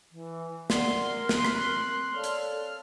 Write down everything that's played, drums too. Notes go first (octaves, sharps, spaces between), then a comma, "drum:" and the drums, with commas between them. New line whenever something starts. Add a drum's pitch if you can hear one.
E3
A#4 D5 F#5 C6, drum: snare
C4 F#6, drum: snare
drum: rim click
A4 C#5 D5 F5 F6
drum: hi-hat